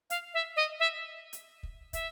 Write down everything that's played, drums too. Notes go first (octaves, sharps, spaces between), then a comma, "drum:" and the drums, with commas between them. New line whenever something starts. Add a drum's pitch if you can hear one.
F5, drum: hi-hat
E5
D#5
E5
drum: hi-hat
drum: kick
E5, drum: kick, hi-hat